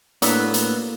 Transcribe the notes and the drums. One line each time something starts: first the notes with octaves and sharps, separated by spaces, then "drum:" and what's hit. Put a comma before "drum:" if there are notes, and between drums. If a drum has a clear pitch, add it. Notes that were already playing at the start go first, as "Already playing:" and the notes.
A2 F#3 A#3 B3 D4 B4 E6, drum: hi-hat
drum: hi-hat